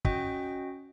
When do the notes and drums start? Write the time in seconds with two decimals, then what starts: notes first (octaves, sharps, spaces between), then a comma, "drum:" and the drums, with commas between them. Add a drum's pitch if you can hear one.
0.05 C#4 F#4 D#5 G5, drum: kick